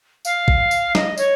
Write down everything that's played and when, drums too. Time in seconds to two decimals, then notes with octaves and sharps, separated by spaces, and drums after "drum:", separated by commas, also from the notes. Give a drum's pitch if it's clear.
0.25 F5, drum: tambourine
0.48 drum: kick A1
0.71 drum: tambourine
0.95 D#5, drum: snare
1.17 C#5, drum: tambourine